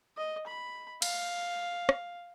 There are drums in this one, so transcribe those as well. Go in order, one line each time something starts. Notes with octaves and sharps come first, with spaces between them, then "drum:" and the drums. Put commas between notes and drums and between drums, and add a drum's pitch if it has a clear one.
D#5
B5
F5, drum: cymbal
drum: rim click